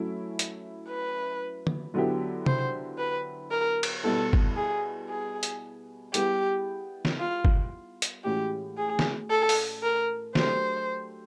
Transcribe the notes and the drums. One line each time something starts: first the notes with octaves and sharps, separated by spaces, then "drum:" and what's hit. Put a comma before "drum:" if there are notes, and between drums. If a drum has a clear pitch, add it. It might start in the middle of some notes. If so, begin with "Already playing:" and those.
Already playing: F#3 A3 C#4 E4
drum: hi-hat
B4
drum: tom D3
D3 F#3 B3 E4 G4
C5, drum: tom
B4
A#4
drum: cymbal
B2 G3 B3 E4 A4
drum: kick G1
G#4
G#4
drum: hi-hat
G3 B3 E4 G4 G#4, drum: hi-hat
drum: snare
F4
drum: kick G1
drum: hi-hat
A2 E3 G#3 C#4 F#4 G4
G#4
drum: snare
A4
drum: open hi-hat
A#4
F#3 A3 D4 G4 C5, drum: snare